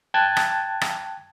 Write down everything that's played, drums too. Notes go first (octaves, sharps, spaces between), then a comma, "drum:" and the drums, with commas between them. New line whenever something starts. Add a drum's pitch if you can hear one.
G5 A5 F#6 G#6 A6
drum: rim click
drum: rim click